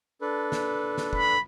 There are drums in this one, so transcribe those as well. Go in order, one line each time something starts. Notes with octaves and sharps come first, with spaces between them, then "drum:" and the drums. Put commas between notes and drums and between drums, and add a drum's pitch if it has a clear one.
D4 A4 B4
drum: snare
drum: snare
B5, drum: kick